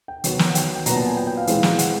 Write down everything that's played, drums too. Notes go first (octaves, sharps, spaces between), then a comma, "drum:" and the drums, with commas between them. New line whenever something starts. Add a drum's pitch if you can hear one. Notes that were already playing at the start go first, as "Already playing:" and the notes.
G5
D#3 F#3 B3, drum: hi-hat
drum: snare
F#5
G5, drum: hi-hat
G5
A#2 F#3 B3 A#5, drum: hi-hat
A5
G#5
G5
G5
F5
E3 G#3 C4, drum: hi-hat
drum: snare
F#5, drum: hi-hat